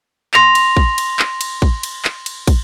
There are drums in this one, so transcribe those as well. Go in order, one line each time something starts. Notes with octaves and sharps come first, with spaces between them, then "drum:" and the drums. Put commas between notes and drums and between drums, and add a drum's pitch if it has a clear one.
C6 A#6 F7, drum: clap
drum: cymbal
drum: kick
drum: cymbal
drum: clap
drum: cymbal
drum: kick
drum: cymbal
drum: clap
drum: cymbal
drum: kick, cymbal